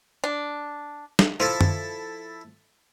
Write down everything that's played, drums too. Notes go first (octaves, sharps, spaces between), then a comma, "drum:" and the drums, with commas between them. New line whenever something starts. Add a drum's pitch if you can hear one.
D4
drum: snare
F3 E4 A4
drum: tom F#2